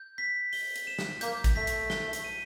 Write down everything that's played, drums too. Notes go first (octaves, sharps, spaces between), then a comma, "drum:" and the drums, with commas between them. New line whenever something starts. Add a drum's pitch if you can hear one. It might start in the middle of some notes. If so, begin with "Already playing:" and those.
Already playing: G6
B6
G7, drum: open hi-hat
drum: hi-hat
E7
drum: snare
A#3 G6, drum: hi-hat
drum: kick G#1, hi-hat
A3 B6
drum: hi-hat
G7, drum: snare
drum: hi-hat
D#7